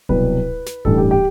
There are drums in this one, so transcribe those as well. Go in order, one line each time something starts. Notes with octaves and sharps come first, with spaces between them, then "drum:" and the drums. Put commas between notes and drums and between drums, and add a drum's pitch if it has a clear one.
C2 B2 F#3 B4, drum: kick D1
drum: snare
A1 G2 E3 G3 A4, drum: kick D1
G4
G4